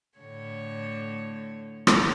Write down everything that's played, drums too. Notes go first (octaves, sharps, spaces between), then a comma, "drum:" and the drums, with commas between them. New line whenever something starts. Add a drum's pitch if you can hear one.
A2 D3 C#5
drum: rim click